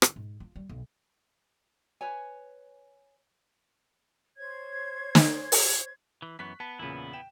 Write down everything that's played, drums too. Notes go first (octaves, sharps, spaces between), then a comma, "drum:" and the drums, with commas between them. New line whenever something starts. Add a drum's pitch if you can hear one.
D3, drum: rim click
G#2
F4
G3
B1
B4 C#5 G#5
C5 C#5 G#6
drum: snare
drum: open hi-hat
E3
F#2 E3 B3 C#6 F#6 B6
B3 A5
E2 A#2 C#3 B3 E4
G5 E7